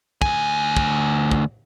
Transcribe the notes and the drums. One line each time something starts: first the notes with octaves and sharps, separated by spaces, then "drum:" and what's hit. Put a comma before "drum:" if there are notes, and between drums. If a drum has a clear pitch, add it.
D2 G#5, drum: kick
drum: kick
drum: kick